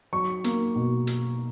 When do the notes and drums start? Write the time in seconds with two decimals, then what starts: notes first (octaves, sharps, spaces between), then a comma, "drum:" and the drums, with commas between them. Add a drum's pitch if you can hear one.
0.12 F#3 C#6
0.44 A#3, drum: hi-hat
0.75 B2
1.07 drum: hi-hat